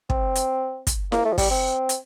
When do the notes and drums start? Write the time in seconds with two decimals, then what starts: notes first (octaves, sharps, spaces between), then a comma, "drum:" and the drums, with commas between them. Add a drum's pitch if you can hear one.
0.10 C4, drum: kick
0.35 drum: hi-hat
0.87 drum: kick, hi-hat
1.12 A#3, drum: snare E4
1.25 A3
1.33 F3
1.38 G3, drum: kick, open hi-hat
1.51 C4
1.89 drum: hi-hat